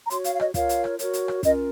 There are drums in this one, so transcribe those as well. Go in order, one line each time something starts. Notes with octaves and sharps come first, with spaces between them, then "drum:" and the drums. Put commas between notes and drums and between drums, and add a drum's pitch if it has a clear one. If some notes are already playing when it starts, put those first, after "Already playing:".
A#5
F#4 C#5 C6, drum: hi-hat
F5, drum: hi-hat
F5
D#5, drum: rim click
F4 A#4 C#5 F5, drum: kick, hi-hat
drum: hi-hat
drum: rim click
F#4 A#4 C#5, drum: hi-hat
drum: hi-hat
drum: rim click
C#4 F4 A#4 D#5, drum: kick, hi-hat